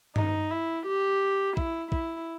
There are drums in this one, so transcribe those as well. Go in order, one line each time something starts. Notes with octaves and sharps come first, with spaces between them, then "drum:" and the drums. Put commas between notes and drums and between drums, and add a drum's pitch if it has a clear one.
D#4, drum: tom G2
E4
G4
E4, drum: kick
E4, drum: kick